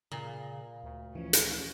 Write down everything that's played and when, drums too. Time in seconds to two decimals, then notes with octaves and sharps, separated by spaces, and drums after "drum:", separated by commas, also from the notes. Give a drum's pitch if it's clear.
0.12 A#2 C#3
0.84 D2
1.15 E3 F3 C#4
1.33 drum: hi-hat